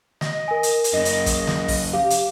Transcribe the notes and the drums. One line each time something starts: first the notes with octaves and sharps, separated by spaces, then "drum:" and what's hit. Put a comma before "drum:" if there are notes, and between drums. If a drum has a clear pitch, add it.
D#5, drum: snare
A#4 G#5
drum: hi-hat
drum: hi-hat
F#2 C#3 D#5
drum: hi-hat
drum: kick, hi-hat
drum: snare
drum: kick, open hi-hat
G4 F5
drum: hi-hat